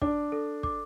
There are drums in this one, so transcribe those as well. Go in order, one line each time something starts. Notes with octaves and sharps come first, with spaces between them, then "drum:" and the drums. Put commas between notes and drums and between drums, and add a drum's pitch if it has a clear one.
D4 D6, drum: kick
A4
D6, drum: kick